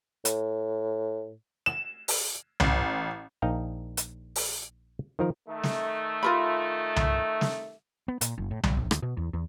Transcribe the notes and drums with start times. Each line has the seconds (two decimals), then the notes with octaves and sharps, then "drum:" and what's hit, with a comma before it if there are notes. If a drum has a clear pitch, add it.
0.25 A2, drum: hi-hat
1.66 E7
2.08 drum: open hi-hat
2.60 A1, drum: tom C2
3.42 A#1 D#4 D#5 F5 G5 A#5
3.97 drum: hi-hat
4.36 drum: open hi-hat
5.19 D#3 F3 A#4
5.49 D#3 A3
5.63 drum: snare
6.23 F4 A#4 B5
6.96 drum: tom C2
7.41 drum: snare
8.08 B3
8.21 A#2, drum: hi-hat
8.38 F#1
8.51 A2
8.63 G3, drum: tom C2
8.77 A#1
8.91 D2, drum: rim click
9.03 B2
9.17 E2
9.33 E2